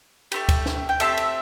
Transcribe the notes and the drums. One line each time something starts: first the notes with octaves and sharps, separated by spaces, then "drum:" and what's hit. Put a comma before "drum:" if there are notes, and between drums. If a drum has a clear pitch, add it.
A3 C4 G4, drum: cymbal
drum: kick, cymbal
drum: snare
G5
A3 C4 G4 E5 A5, drum: cymbal
drum: cymbal